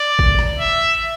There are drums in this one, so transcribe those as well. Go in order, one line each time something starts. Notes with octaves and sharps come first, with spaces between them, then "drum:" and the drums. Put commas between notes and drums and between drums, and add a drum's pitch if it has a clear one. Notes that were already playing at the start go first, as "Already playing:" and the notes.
Already playing: D5
drum: kick
drum: rim click
E5